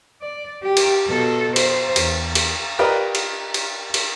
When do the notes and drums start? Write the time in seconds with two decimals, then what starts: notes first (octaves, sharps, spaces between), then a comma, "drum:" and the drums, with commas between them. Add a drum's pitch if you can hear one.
0.22 D5
0.63 G4
0.77 drum: cymbal
1.08 B2 A4
1.56 C5, drum: cymbal
1.96 E2, drum: cymbal
2.35 drum: cymbal
2.79 F4 G4 A#4 B4 D5 D#5
3.15 drum: cymbal
3.54 drum: cymbal
3.94 drum: cymbal